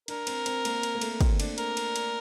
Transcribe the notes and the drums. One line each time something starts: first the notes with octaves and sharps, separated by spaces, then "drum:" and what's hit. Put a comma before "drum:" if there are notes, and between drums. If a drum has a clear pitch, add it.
D4 A#4, drum: cymbal
C4, drum: cymbal
C4, drum: cymbal
A#3, drum: cymbal
drum: cymbal
A#3
A3, drum: cymbal
C4, drum: kick, cymbal
D4, drum: cymbal
A#4, drum: cymbal
drum: cymbal
drum: cymbal